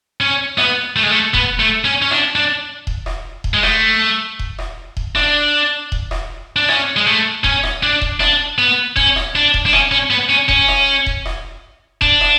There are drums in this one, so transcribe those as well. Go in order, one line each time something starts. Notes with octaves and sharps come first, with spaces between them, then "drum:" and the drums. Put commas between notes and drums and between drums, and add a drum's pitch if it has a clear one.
C#4
B3, drum: rim click
A3
G#3
A3
B3, drum: kick D#1
A3
C#4
C#4
D4, drum: rim click
D4
drum: kick D#1
drum: rim click
drum: kick D#1
G#3
A3, drum: rim click
drum: kick D#1
drum: rim click
drum: kick D#1
D4, drum: rim click
drum: kick D#1
drum: rim click
D4
C#4, drum: rim click
G#3
A3
C#4, drum: kick D#1
drum: rim click
D4
drum: kick D#1
D4, drum: rim click
B3
C#4, drum: kick D#1
drum: rim click
D4
drum: kick D#1
D4
C#4, drum: rim click
C#4
B3
C#4
C#4, drum: kick D#1
drum: rim click
drum: kick D#1
drum: rim click
D4, drum: kick D#1
drum: rim click